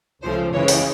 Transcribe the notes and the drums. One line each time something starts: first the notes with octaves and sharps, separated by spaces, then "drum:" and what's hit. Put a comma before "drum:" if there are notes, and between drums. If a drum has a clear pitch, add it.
C#2 C#3 F3 A3 C5
F#2 C#3 E3 G#3 C#5
drum: open hi-hat